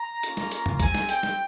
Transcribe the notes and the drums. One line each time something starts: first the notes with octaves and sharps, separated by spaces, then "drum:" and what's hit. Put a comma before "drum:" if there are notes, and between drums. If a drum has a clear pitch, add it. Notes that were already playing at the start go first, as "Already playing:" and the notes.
Already playing: A#5
A#3 C#4 F4, drum: hi-hat
drum: snare
drum: hi-hat
drum: tom F2
C4 G4 G#5, drum: kick B1, hi-hat
drum: snare
G5, drum: hi-hat
drum: snare